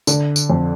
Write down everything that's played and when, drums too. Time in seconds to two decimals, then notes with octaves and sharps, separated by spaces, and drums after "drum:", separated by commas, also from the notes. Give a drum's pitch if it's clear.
0.07 D3, drum: tambourine
0.36 drum: tambourine
0.50 F2